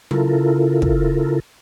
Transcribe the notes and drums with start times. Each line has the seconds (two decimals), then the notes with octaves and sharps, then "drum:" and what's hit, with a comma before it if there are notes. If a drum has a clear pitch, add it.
0.11 C#3 E4 F4 A4 A#4, drum: tom F#3
0.82 drum: kick